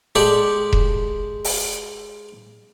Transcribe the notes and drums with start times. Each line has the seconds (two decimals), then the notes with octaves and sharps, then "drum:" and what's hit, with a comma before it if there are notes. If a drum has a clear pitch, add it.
0.15 G#3 G4 A4 D5
0.73 drum: kick E1
1.44 drum: open hi-hat